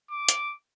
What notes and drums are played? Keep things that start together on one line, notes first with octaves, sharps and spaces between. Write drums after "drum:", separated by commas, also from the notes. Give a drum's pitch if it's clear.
D6
drum: hi-hat